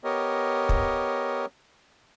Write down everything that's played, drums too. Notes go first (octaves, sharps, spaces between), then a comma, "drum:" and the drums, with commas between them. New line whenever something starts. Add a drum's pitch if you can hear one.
B3 G4 A#4 C#5 D#5
drum: kick